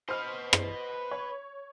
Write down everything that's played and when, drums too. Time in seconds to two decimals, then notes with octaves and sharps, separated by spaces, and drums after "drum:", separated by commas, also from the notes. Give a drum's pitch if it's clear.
0.09 B4 C5 D#5 F6
0.53 drum: rim click
1.11 C#5